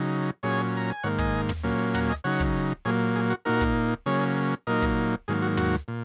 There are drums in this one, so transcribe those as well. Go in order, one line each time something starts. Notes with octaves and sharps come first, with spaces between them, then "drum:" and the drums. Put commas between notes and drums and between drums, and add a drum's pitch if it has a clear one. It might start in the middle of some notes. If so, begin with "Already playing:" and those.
Already playing: C#3 F#3 D#4
A#2 F#3 C#4 G#4 C#5
drum: hi-hat
A#5
G#5, drum: hi-hat
G#2 D#3 A#3 C#5 F#5
D#5 G#5, drum: kick, open hi-hat
drum: tom
A#2 F#3 A#3 C#4
F#5 A#5, drum: tom
D#5 G#5, drum: hi-hat
C#3 F#3 D#4 C#5 F#5
drum: kick, open hi-hat
A#2 F#3 A#3 G#4 C#5
drum: hi-hat
G#4
F#4, drum: hi-hat
A#2 A#3 D#4 F#4 A#4
drum: kick, open hi-hat
C#3 F#3 A#3 C#4 G#4 C#5
drum: hi-hat
drum: hi-hat
A#2 F#3 A#3 D#4 A#4 D#5
drum: kick, open hi-hat
G#2 D#3 F#3 A#3 G#4
F#4, drum: hi-hat
F#4, drum: tom
drum: hi-hat
A#2